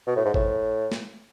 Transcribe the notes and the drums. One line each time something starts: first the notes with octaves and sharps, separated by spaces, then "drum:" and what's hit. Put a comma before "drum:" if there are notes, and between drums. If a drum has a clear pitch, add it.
B2
A2
G#2
A2, drum: kick
drum: snare